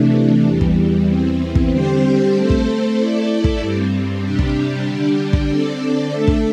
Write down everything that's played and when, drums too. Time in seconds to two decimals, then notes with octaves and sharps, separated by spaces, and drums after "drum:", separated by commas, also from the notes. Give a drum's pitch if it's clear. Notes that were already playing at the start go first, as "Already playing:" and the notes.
Already playing: C3 E3 A3 D4
0.45 E2 E3 G3
0.61 drum: kick
1.08 E2 E3 C4
1.55 drum: kick
1.71 D3 G3 C4 G4 C5
2.34 A3 C4 A4 C5
2.50 drum: kick
2.97 A3 E4 A4 D5
3.44 drum: kick
3.60 G2 G3 C4
4.23 C3 G3 D4 G4
4.39 drum: kick
4.85 D3 G3 D4 G4
5.33 drum: kick
5.49 D3 C4 A4 D5
6.11 A3 D4 A4 E5
6.28 drum: kick